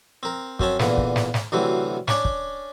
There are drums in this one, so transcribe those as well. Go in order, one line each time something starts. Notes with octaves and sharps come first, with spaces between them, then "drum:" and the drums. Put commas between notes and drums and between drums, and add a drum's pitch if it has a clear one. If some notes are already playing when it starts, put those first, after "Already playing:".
C4 A#4
F#2 C4 C#4 A5, drum: kick
E2 A#2 D3 E3, drum: snare
drum: kick
drum: snare
drum: snare
D2 C3 E3 F#3 C4
C#4 D4 D5, drum: snare
drum: kick